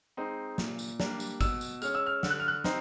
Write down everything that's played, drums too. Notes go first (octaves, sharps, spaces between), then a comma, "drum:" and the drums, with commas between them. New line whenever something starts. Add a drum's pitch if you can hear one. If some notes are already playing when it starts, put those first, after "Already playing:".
G#3 C4 D#4
A#2, drum: snare
drum: tambourine
G3 A#3 D4, drum: snare
drum: tambourine
B2 E6, drum: kick, tambourine
drum: tambourine
G#3 C#4 F6, drum: tambourine
E6
F6
D3, drum: snare
F#6
F6
F#6
C4 D#4, drum: snare